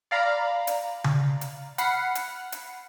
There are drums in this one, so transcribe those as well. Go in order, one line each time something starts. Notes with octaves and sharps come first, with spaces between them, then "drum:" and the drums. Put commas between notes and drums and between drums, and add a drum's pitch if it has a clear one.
D5 F5 A#5 B5
drum: hi-hat
drum: tom C#3
drum: hi-hat
F#5 B5 F6 C7 C#7, drum: hi-hat
drum: hi-hat
drum: hi-hat